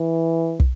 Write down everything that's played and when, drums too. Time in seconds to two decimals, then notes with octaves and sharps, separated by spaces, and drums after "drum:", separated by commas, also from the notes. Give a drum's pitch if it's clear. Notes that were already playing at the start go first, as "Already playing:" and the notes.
Already playing: E3
0.60 drum: kick